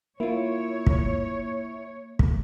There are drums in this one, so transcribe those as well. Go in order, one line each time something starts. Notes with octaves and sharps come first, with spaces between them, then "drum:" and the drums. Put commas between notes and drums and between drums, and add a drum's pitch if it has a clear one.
A#3 E4 F4 C#5
drum: kick
drum: kick